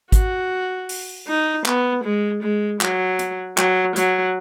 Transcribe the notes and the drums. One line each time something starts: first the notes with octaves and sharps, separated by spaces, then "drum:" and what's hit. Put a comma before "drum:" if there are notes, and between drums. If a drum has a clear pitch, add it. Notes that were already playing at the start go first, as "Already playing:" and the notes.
F#4, drum: kick G#1, hi-hat
drum: open hi-hat
D#4
B3, drum: clap
G#3
G#3
F#3, drum: clap
drum: hi-hat
F#3, drum: clap
F#3, drum: hi-hat